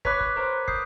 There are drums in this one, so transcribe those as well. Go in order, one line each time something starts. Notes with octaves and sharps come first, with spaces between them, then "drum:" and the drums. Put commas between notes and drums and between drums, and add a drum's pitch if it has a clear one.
B4 C#5 D6 F#6 B6, drum: kick
drum: kick
A#4 C5
D#6 G6 C7, drum: kick